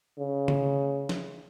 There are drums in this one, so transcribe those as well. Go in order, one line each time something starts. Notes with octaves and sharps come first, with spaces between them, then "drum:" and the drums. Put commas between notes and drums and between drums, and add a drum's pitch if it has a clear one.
C#3
drum: tom C#3
drum: snare